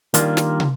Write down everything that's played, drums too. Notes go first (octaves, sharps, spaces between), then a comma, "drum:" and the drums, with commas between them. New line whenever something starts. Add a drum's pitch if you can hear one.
D#3 G3 A#3 D4 F4, drum: hi-hat
drum: snare
drum: tom